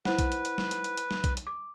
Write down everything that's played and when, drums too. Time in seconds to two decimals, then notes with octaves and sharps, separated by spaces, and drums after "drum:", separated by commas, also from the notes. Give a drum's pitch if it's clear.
0.05 E4 B4 C5 F#5, drum: snare
0.19 drum: kick B1, hi-hat
0.32 drum: hi-hat
0.45 drum: hi-hat
0.58 drum: snare
0.71 drum: hi-hat
0.84 drum: hi-hat
0.97 drum: hi-hat
1.11 drum: snare
1.24 drum: kick B1, hi-hat
1.37 drum: hi-hat
1.47 D6